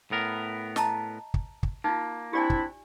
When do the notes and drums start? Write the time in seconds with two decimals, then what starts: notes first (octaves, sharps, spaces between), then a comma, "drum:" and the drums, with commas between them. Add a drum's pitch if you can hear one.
0.11 A2 B3 A#4
0.76 D#5 A5 A#5, drum: snare
1.34 drum: kick
1.63 drum: kick
1.84 A#3 D#4 F4
2.33 C4 D4 E4 G4 D5 G#5
2.50 drum: kick